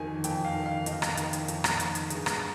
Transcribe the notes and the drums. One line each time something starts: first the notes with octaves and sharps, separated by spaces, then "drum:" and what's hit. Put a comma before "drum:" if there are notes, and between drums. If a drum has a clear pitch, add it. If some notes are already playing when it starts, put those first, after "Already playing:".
Already playing: F2 D#3 G#5
F2 G5, drum: hi-hat
F5
D#3
F5
F2 D#5, drum: hi-hat
drum: rim click
D#3, drum: hi-hat
drum: hi-hat
F2, drum: hi-hat
drum: rim click
D#3, drum: hi-hat
drum: hi-hat
G2 G#4, drum: hi-hat
drum: rim click